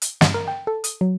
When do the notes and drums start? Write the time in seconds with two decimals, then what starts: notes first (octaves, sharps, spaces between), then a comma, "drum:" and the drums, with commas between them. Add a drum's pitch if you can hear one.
0.02 drum: hi-hat
0.21 G2, drum: snare
0.34 A#4
0.48 G5
0.67 A4
0.84 D#6, drum: hi-hat
1.01 F#3